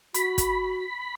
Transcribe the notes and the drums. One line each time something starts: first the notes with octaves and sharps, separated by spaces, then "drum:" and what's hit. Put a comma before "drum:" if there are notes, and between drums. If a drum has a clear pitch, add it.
F#4 B5, drum: hi-hat
drum: kick, hi-hat